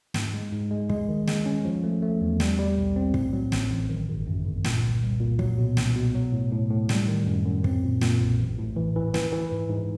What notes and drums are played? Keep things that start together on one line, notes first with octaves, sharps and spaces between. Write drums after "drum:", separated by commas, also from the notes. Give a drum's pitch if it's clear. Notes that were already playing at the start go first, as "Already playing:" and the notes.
G#2, drum: snare
G#3
G#2
G#3
G#3, drum: kick
D#3
G#3, drum: snare
C#4
F3
A3
A3
E2
G3, drum: snare
G3
B1
C4
A2, drum: kick
F#3
A1, drum: snare
A1
D#3
G1
F#2
G1
A#2, drum: snare
C2
C2
A#2
F#3, drum: kick
B2
C2, drum: snare
B2
F#3
A2
A2
A2
G3, drum: snare
D#3
F#2
F#2
C4, drum: kick
A#2
A#2, drum: snare
B1
A1
A2
E3
E3
E3, drum: snare
E3
G#2
G#2